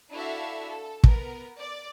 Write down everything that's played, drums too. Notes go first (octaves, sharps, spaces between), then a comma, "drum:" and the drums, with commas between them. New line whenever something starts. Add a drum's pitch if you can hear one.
D4 E4 F#4 A4 E5 F5
A4
B3 A#4, drum: kick
D5